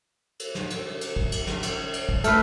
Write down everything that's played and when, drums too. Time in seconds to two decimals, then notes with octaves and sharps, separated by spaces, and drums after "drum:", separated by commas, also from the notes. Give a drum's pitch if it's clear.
0.40 drum: cymbal
0.55 drum: snare
0.70 drum: cymbal
1.01 drum: cymbal
1.16 drum: kick
1.32 drum: cymbal
1.47 drum: snare
1.63 drum: cymbal
1.93 drum: cymbal
2.09 drum: kick
2.24 A3 B4 E6 F6, drum: cymbal